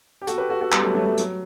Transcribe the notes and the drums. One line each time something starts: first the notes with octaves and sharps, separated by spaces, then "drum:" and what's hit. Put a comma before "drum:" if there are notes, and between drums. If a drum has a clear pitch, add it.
G4
F#4 A4, drum: hi-hat
G4 B4
F#4 A4
F#4 A4
G3 B3, drum: clap
F#3 A3
F#3 A3
F#3 A3
F#3, drum: hi-hat